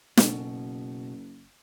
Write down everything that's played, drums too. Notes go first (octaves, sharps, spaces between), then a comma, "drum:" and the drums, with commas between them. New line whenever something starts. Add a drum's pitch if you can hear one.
F#1 B2, drum: snare